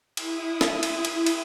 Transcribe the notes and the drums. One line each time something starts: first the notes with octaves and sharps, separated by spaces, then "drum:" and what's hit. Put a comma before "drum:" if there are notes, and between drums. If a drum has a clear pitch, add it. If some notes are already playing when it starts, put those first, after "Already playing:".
E4 D#6, drum: cymbal
drum: snare
drum: cymbal
drum: cymbal
drum: cymbal